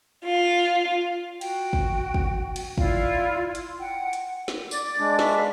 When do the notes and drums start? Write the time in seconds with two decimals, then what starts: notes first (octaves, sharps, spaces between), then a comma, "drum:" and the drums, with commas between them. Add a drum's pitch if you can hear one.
0.24 F4
1.41 F#4 G5, drum: cymbal
1.73 drum: kick
2.14 drum: kick
2.56 drum: cymbal
2.78 E4 F4 D5 F5, drum: kick
3.55 C6, drum: hi-hat
3.78 F#5 G5
4.13 drum: hi-hat
4.48 drum: snare
4.71 D5 D6, drum: tambourine
4.99 G#3 D4
5.19 E5 C#6 D6, drum: snare
5.36 B4 F5